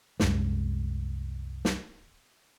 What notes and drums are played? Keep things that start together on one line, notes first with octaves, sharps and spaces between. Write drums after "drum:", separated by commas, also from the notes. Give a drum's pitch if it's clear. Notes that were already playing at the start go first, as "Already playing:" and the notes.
C2 F#2 G#3, drum: snare
drum: snare